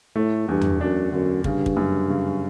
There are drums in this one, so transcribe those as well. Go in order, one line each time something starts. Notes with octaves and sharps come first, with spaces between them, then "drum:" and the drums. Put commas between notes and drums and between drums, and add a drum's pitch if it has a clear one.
A2 A3
E2 G2
drum: tom E2
F#2 D4
F#2 D3
G2 C#3, drum: kick
drum: kick
F#2
C#3